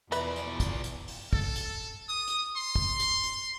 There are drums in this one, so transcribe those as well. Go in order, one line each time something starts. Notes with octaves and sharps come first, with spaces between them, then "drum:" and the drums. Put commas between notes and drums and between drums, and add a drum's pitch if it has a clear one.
E2 B2 F3 B4 D5 E5 B5, drum: hi-hat
drum: hi-hat
drum: kick, hi-hat
drum: hi-hat
drum: open hi-hat
A4, drum: kick
drum: hi-hat
D#6
drum: hi-hat
C6
drum: kick
drum: hi-hat
drum: hi-hat